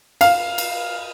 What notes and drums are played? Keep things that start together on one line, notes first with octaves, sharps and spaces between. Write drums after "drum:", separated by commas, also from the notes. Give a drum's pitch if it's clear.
F5, drum: cymbal
drum: cymbal